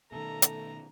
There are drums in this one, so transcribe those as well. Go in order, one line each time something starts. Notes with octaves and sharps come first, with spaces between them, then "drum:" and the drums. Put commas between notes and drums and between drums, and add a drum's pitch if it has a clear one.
B2 D#3 A3 A4 A#5
drum: hi-hat